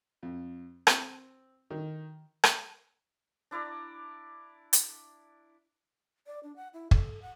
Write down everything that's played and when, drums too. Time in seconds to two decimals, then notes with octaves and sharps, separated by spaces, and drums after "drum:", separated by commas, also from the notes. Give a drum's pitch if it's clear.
0.23 F2
0.87 C4, drum: rim click
1.70 D#3
2.44 drum: rim click
3.51 D4 E4 D5 A#5
4.73 drum: hi-hat
6.27 D5
6.43 D4
6.56 F#5
6.74 E4
6.91 A4, drum: kick
7.22 F#5